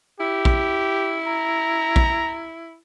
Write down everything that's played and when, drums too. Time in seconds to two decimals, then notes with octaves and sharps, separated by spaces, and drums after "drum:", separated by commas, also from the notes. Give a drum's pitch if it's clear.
0.20 E4 G4
0.45 drum: kick A#1
1.27 A#5
1.96 drum: kick A#1